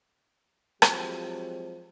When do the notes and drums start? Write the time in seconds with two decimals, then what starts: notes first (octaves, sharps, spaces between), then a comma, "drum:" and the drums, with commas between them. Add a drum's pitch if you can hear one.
0.82 F3 F#3 G#3 C4 G4, drum: rim click